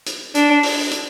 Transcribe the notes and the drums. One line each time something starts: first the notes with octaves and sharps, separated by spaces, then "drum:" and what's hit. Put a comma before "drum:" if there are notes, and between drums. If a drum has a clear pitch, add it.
drum: hi-hat
D4, drum: hi-hat
drum: open hi-hat
drum: hi-hat